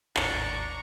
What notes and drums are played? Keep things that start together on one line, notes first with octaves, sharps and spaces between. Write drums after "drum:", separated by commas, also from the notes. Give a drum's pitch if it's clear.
G#1 D#2 A2 D4 A#5 C#6 C#7, drum: clap